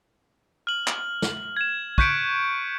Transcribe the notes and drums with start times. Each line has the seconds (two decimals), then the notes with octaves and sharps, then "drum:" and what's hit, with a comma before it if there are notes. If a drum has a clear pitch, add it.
0.67 F6 F#7
0.87 drum: clap
1.22 drum: snare
1.57 G#6 E7
1.98 C#6 F#6 G6 B6 C#7 D7, drum: kick